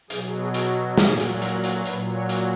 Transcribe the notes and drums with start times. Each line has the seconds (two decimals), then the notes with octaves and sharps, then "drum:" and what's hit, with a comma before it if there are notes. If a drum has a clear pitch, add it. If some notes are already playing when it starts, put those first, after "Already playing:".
0.10 B2 F#3 G#4, drum: hi-hat
0.39 G#4
0.54 drum: hi-hat
0.69 F#4
0.98 A#2 F#3 G#4, drum: snare
1.20 drum: hi-hat
1.42 A#4, drum: hi-hat
1.64 drum: hi-hat
1.85 A#2 F#3 B4, drum: hi-hat
2.14 C#5
2.29 drum: hi-hat